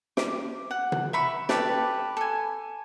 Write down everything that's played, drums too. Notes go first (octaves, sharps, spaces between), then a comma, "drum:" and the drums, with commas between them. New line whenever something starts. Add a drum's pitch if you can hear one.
D6, drum: snare
F#5
drum: tom
E5 B5 C#6
G4 A4 B4 D5, drum: snare
A4 G#5